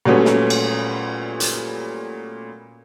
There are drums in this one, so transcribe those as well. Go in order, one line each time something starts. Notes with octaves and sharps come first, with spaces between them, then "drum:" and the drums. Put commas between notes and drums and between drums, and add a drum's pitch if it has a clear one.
A#2 F#3 G3 A3 B3 C#4
drum: snare
drum: cymbal
drum: hi-hat